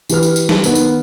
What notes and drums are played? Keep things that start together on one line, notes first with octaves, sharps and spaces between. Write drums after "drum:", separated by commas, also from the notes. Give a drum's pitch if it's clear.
E3 G4 B4 F6, drum: tambourine
drum: tambourine
drum: tambourine
drum: snare
D#3 B3, drum: tambourine
drum: tambourine